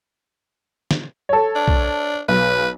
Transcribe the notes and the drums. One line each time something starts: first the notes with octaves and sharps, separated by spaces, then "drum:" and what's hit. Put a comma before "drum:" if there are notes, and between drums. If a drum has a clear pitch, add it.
drum: snare
A4 C#5
D4
drum: kick
B1 B4